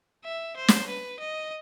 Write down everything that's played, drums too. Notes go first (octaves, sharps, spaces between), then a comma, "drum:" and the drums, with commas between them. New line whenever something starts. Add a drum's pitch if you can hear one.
E5
C5
drum: snare
B4
D#5